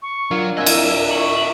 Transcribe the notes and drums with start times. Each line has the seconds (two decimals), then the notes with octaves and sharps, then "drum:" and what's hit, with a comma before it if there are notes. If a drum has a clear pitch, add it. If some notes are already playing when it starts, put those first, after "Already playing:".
0.02 C#6
0.31 F#3 D4 F4 A#4
0.57 C4 D#5 E5 G#5 E6 F#6
0.66 drum: cymbal
1.11 C#6 F#7